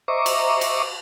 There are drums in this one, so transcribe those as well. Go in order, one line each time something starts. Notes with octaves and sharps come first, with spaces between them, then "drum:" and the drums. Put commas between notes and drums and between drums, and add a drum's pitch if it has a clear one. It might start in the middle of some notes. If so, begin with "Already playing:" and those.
C5 D#5 E5 A#5 C#6 D6
drum: cymbal
drum: cymbal